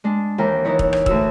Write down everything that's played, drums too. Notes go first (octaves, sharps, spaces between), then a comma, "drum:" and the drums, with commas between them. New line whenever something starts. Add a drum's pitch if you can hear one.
G#3 D4
D#2 E3 A#4 G5
E3 D#4 E4 C#5
drum: kick
drum: rim click
D2 F#4 E6, drum: kick